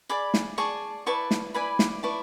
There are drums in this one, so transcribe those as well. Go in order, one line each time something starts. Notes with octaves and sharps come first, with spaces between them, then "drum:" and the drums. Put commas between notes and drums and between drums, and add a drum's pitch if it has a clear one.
G#4 D5 B5 D6
drum: snare
G#4 D5 A5 C#6
E4 B4 D5 A5 C#6
drum: snare
E4 B4 D5 G#5 B5
drum: snare
E4 B4 D5 A5 C#6